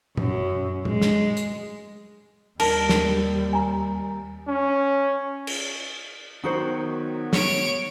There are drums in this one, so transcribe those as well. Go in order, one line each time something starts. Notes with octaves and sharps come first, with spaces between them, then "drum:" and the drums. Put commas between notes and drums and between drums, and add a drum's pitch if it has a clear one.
F#2, drum: tom A#2
G#3, drum: tom A#2
drum: snare
drum: hi-hat
D#2 G3 A#4 A5, drum: cymbal
drum: snare
G#5 A#5
C#4
drum: cymbal
D#3 F#3 B3 D#4 F#4 C5
C#5 D7, drum: snare